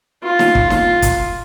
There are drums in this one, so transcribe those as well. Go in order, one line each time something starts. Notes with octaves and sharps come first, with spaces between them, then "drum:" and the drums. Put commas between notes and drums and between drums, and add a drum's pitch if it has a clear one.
F4
drum: snare D#4
drum: kick
F4, drum: snare D#4
drum: kick, hi-hat